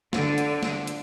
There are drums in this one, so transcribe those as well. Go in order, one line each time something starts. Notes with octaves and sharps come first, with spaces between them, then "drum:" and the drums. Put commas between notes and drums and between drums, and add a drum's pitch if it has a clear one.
D3, drum: snare
drum: hi-hat
drum: snare
drum: hi-hat